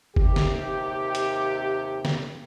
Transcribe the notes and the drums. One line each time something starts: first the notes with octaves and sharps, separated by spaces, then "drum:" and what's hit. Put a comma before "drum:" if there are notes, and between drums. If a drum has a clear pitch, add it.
D#2 C3 G4, drum: kick G1
drum: snare
drum: hi-hat
drum: snare